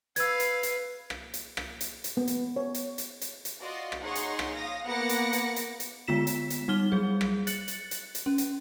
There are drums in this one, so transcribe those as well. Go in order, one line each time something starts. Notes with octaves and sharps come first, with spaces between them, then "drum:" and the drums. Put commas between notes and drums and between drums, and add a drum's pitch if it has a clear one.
B4 F5 E6 G#6, drum: hi-hat
drum: hi-hat
drum: hi-hat
drum: rim click
drum: hi-hat
drum: rim click
drum: hi-hat
drum: hi-hat
B3
drum: hi-hat
C#5
drum: hi-hat
drum: hi-hat
drum: hi-hat
drum: hi-hat
F4 F#4 D5 D#5 C6
drum: rim click
D#4 G#4 C#5 F#5 C6 C#6
drum: hi-hat
drum: rim click
F5 D#6 A#6
A#3 B3 F#5 D6 A#6 C#7
drum: hi-hat
drum: hi-hat
drum: hi-hat
drum: hi-hat
D3 G#3 B3 F4 B6 E7
drum: hi-hat
drum: hi-hat
G3 D#4 F6 G7
F#3 G3 G#4
drum: rim click
F#6 A6 C#7 F#7, drum: hi-hat
drum: hi-hat
drum: hi-hat
drum: hi-hat
C#4
drum: hi-hat